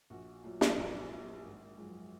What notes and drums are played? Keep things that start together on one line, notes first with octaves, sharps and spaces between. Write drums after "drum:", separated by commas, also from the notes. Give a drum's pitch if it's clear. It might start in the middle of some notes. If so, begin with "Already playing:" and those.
A#1 F#4
A#2 F#3
drum: snare
A#1
A#2 F#3
G#1
F#2 F3 G#3